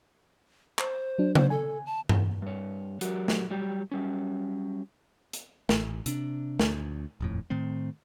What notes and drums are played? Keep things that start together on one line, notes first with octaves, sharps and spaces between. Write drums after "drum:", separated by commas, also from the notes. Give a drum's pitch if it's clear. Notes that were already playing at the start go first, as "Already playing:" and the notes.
C5, drum: clap
F#3 D4
C5, drum: tom C#3
A4 G#5
A5
drum: tom G2
G2 C#5
F#3 F#4 G4 A#4, drum: hi-hat
drum: snare
F#3 G3 G4
F#3 G3 C#4
drum: hi-hat
A1, drum: snare
C3 D4, drum: hi-hat
D2, drum: snare
D#1 F2 A2
A2 D#3 A3 C4